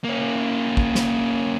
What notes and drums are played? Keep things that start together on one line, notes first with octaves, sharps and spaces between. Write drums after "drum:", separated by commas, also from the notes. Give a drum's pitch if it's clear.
A#3 C#4
drum: kick
drum: snare